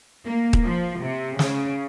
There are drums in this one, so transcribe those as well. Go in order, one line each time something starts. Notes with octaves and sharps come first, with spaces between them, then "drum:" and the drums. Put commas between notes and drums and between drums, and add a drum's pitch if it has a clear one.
A#3
drum: kick D#1
F3
C3
C#3, drum: snare